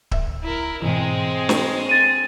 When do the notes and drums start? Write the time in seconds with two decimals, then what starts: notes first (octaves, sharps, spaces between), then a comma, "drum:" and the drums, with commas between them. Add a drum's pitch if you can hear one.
0.11 C#2 E5 E6, drum: kick D1
0.43 E4 A#4
0.82 G#2 B2 E3 G#3 C4
1.49 drum: snare
1.89 A6 D#7 E7